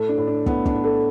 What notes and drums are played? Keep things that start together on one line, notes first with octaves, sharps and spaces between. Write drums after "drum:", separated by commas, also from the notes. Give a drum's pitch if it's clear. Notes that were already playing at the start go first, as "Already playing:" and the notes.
Already playing: A2 A3 A4
D4
A2
D4
A2 B3, drum: kick
D4, drum: kick
A2
A3 A4